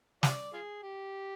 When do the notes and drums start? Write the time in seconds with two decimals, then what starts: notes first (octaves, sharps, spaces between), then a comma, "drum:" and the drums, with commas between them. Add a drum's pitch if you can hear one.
0.23 F4 G4 D5, drum: snare
0.53 F4 G#4
0.83 G4